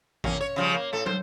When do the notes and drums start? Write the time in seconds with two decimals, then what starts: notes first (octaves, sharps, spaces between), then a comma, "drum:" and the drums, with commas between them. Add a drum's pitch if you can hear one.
0.24 E2 A#3 C#4, drum: kick A1
0.41 C#5
0.56 C#3 F3 G3
0.74 A#3
0.93 A2 A4
1.06 C5, drum: tom